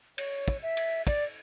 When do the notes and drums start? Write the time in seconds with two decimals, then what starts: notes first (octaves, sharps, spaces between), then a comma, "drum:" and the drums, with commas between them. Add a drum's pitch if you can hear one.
0.18 C#5, drum: cymbal
0.48 drum: kick
0.63 E5
0.77 drum: cymbal
1.07 D5, drum: kick, cymbal